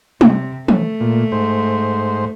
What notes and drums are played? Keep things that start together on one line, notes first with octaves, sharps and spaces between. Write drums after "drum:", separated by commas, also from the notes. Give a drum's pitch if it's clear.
C3, drum: tom
A3, drum: tom
A#2
G#2 C5